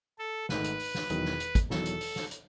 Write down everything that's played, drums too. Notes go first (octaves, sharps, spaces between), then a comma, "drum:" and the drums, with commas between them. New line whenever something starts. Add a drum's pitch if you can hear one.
A4
G#1 G#2 D#3 A3 B4, drum: snare
drum: hi-hat
drum: open hi-hat
drum: snare
E1 E2 D#3 F#3, drum: hi-hat
drum: snare
drum: hi-hat
drum: kick, hi-hat
E1 E2 D#3 F#3 A4, drum: snare
drum: hi-hat
drum: open hi-hat
drum: snare
drum: hi-hat